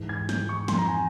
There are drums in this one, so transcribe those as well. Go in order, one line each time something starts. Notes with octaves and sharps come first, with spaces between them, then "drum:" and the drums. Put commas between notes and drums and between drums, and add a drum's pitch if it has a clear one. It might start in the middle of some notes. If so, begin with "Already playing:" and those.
Already playing: G#2 E3
G#6
G6, drum: snare
C#6
F2 E3 C6, drum: snare
A#5
G#5